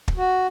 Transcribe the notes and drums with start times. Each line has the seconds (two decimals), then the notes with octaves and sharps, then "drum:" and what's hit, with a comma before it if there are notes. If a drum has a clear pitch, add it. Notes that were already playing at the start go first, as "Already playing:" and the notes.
0.08 drum: kick
0.17 F#4